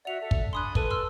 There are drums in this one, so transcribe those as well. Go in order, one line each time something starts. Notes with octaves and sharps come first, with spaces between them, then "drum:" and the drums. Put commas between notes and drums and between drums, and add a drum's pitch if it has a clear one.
F#4 D5 E5 F#5 F7
A4 E5
drum: kick
D4 G#5 B5 C6 D#6 F#6
A4 B4 A5 D#7, drum: kick
C6 E6 F6